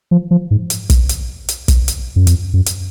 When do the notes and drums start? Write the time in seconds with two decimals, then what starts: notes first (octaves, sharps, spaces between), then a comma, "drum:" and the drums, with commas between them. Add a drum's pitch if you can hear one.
0.11 F3
0.31 F3
0.51 G#2
0.70 drum: hi-hat
0.90 drum: kick, hi-hat
1.09 drum: hi-hat
1.49 drum: hi-hat
1.68 drum: kick, hi-hat
1.88 drum: hi-hat
2.16 F#2
2.27 F2, drum: hi-hat
2.53 F#2
2.66 drum: hi-hat